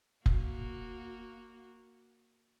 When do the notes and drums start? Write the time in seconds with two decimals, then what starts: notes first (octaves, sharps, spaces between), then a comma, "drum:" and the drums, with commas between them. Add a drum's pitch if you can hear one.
0.26 A#3 F#4, drum: kick F1